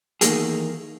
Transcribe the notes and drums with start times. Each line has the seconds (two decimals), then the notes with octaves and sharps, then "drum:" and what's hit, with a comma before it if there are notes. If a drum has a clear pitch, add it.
0.21 E2 D#3 A3 A#3 G#4, drum: hi-hat